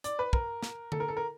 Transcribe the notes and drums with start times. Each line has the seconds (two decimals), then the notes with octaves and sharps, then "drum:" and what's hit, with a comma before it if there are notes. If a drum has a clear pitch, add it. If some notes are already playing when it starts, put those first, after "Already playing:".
0.04 D5, drum: hi-hat
0.19 B4
0.33 A#4, drum: kick
0.63 drum: snare
0.92 A4, drum: tom D3
1.00 A#4
1.08 A4
1.17 A#4